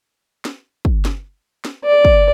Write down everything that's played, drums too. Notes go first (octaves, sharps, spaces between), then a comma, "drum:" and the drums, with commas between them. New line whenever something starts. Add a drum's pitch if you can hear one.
drum: snare
drum: kick
drum: snare
drum: snare
D5
drum: kick